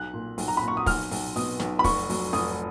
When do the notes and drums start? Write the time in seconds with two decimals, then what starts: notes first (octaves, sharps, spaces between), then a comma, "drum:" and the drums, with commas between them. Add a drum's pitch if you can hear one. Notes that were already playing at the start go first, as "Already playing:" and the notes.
Already playing: B1 F#6
0.13 A#2
0.38 B1, drum: open hi-hat
0.48 A#5
0.57 A#2 B5
0.68 C#6
0.77 D#6
0.86 B1 F6, drum: kick, open hi-hat
1.11 B1, drum: open hi-hat
1.36 B2 D#6, drum: open hi-hat
1.60 B1, drum: snare
1.79 B5
1.84 F1 C#6, drum: kick, open hi-hat
2.09 F#3, drum: open hi-hat
2.33 F1 D#6, drum: open hi-hat